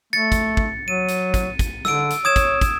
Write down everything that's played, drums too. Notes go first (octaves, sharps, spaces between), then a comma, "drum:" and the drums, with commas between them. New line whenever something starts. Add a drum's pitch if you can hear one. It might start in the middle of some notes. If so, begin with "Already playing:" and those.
A3 A6 C#7
drum: kick, hi-hat
drum: kick
F#3 D#7
drum: hi-hat
drum: kick, hi-hat
drum: kick, hi-hat
D3 E6 D7, drum: snare
drum: hi-hat
C#5 D#6 G#6 E7
drum: kick, hi-hat
drum: kick, hi-hat